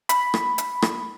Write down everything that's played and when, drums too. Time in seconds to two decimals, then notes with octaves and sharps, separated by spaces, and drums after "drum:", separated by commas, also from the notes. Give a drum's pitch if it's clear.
0.09 B5, drum: hi-hat
0.34 drum: rim click
0.58 drum: hi-hat
0.82 drum: rim click